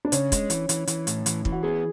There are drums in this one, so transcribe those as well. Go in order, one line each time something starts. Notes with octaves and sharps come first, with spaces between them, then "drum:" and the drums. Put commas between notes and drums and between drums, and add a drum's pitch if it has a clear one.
D4
C#3 C#4, drum: hi-hat
G#3, drum: kick, hi-hat
E3, drum: hi-hat
E3, drum: hi-hat
E3, drum: hi-hat
A2, drum: hi-hat
E3, drum: hi-hat
E3, drum: kick
F#4
B3 G#4